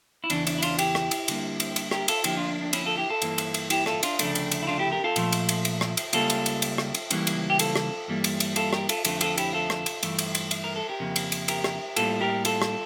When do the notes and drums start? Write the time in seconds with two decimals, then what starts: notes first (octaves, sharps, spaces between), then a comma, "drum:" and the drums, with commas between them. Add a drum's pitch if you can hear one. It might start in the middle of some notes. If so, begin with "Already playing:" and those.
0.24 E4
0.30 E2 C#3 E3 D4, drum: cymbal
0.47 D4, drum: cymbal
0.58 E4
0.62 D4 F4, drum: cymbal
0.79 E4 G4, drum: cymbal
0.95 drum: rim click
1.11 drum: cymbal
1.28 D2 D3 G3 A#3, drum: cymbal
1.60 drum: cymbal
1.76 drum: cymbal
1.91 G4 A#4, drum: rim click
2.08 F4 A4, drum: cymbal
2.24 D2 D3 F3 A#3 E4 G4, drum: cymbal
2.37 D4 F4
2.48 D4
2.61 D4
2.73 C#4 E4, drum: cymbal
2.85 F4 A4
2.97 E4 G4
3.09 F4 A4
3.22 G2 E3 A#3, drum: cymbal
3.38 drum: cymbal
3.54 drum: cymbal
3.70 E4 G4, drum: cymbal
3.86 F4 A4, drum: rim click
4.03 D4 F4, drum: cymbal
4.19 D2 C#3 F3 A3 D4, drum: cymbal
4.35 drum: cymbal
4.52 drum: cymbal
4.63 E4
4.67 D4 F4
4.79 E4 G4
4.92 G4 A#4
5.04 F4 A4
5.16 A#2 F3 A3, drum: cymbal
5.33 drum: cymbal
5.49 drum: cymbal
5.65 drum: cymbal
5.81 drum: rim click
5.97 drum: cymbal
6.13 C#2 C#3 G3 A#3 F4 A4, drum: cymbal
6.30 drum: cymbal
6.46 drum: cymbal
6.62 drum: cymbal
6.78 drum: rim click
6.95 drum: cymbal
7.11 C#2 C#3 E3 G3 A#3, drum: cymbal
7.27 drum: cymbal
7.50 G4
7.59 F4 A4, drum: cymbal
7.76 drum: rim click
8.08 G2 E3 G3 A#3
8.24 drum: cymbal
8.40 drum: cymbal
8.56 F4 A4, drum: cymbal
8.73 G4 A#4, drum: rim click
8.89 F4 A4, drum: cymbal
9.05 F2 D3 A3 F4 A4, drum: cymbal
9.21 F4 A4, drum: cymbal
9.38 E4 G4, drum: cymbal
9.53 F4 A4
9.70 drum: rim click
9.86 drum: cymbal
10.03 G2 E3 A3, drum: cymbal
10.19 drum: cymbal
10.35 drum: cymbal
10.51 drum: cymbal
10.64 A#4
10.76 A4
10.89 G4 A#4
11.00 F2 C#3 F3 A#3
11.16 drum: cymbal
11.32 drum: cymbal
11.48 G4 A#4, drum: cymbal
11.64 drum: rim click
11.96 A2 G3 A#3 F4 A4, drum: cymbal
12.21 G4 A#4
12.45 F4 A4, drum: cymbal
12.62 drum: rim click